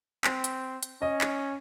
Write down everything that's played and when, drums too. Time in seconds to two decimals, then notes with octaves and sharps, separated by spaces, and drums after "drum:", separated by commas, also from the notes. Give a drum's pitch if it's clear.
0.24 C4, drum: clap
0.44 drum: hi-hat
0.83 drum: hi-hat
1.01 C#4 D#5
1.21 drum: clap